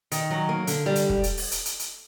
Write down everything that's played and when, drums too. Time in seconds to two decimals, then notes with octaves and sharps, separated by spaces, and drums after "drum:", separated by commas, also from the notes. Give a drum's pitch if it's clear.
0.12 D#3, drum: hi-hat
0.31 F#3
0.49 A#3
0.67 D3, drum: hi-hat
0.86 G3
0.95 drum: hi-hat
1.09 drum: kick
1.23 drum: hi-hat
1.37 drum: open hi-hat
1.51 drum: hi-hat
1.65 drum: hi-hat
1.79 drum: hi-hat